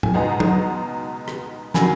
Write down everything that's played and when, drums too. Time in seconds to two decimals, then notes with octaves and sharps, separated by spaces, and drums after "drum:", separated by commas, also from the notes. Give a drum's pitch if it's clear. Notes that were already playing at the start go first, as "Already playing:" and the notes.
0.03 G#5, drum: tom G#2
0.14 C#2 B2 G#3 B3 D#4 F#5 A#5
0.40 drum: tom
1.28 drum: rim click
1.74 D#3 F#3 A#3 G#5 B5, drum: snare